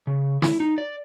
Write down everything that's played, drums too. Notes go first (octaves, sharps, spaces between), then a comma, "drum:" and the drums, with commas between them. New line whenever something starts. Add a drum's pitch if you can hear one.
C#3
E4, drum: snare
D#4
D5